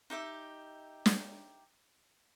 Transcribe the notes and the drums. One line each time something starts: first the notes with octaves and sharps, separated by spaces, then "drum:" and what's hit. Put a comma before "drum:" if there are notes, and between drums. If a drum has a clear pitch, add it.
D#4 G4 E5 D6
drum: snare